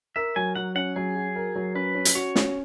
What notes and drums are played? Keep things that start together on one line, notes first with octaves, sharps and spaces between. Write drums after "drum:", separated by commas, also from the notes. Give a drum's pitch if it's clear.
A#4 E5
F#3 G#5
F#3 F#5
C#4 F#5
F#3 G#4
F#4
A#4
F#3
C#4 B4
C#4
drum: hi-hat
F#4 C#5
C#4, drum: snare